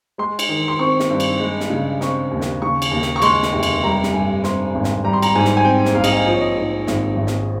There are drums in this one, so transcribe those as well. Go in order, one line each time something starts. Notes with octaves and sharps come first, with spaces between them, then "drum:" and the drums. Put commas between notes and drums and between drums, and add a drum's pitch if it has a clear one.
G#3 C6
drum: cymbal
D#3
C6
C4 C#6
drum: snare
G2
drum: cymbal
G#3
drum: snare
C#3
C4 C#6, drum: snare
D#2
drum: snare
C#3 C#6
drum: cymbal
D#2
drum: snare
C#6
G#3 C6, drum: cymbal
drum: snare
F1
drum: cymbal
G3 A#5
drum: snare
G2 G#5
C4 C6, drum: snare
G#1
drum: snare
G3 A#5
C6
A#5, drum: cymbal
G#2 G#5
drum: snare
G#5
C4 G5
drum: snare
A#1 F5
D#5, drum: cymbal
F5
F3 D#5
C#5
D#5
G#2
G#1, drum: snare
G#1
drum: snare